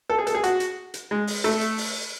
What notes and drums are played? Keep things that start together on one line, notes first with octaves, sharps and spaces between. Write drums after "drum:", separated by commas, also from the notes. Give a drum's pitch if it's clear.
A4
G#4
A4, drum: hi-hat
G#4
F#4, drum: hi-hat
drum: hi-hat
drum: hi-hat
G#3
drum: open hi-hat
A3, drum: hi-hat
drum: hi-hat
drum: open hi-hat